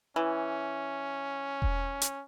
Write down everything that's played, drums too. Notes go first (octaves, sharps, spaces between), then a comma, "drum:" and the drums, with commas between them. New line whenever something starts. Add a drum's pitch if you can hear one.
E3 C#4
drum: kick E1
drum: hi-hat